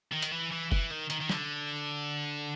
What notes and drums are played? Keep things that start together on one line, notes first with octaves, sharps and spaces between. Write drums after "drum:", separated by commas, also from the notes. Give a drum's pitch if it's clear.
D#3
drum: hi-hat
E3
E3
E3, drum: kick F#1
D#3
D#3, drum: hi-hat
D#3
D3, drum: snare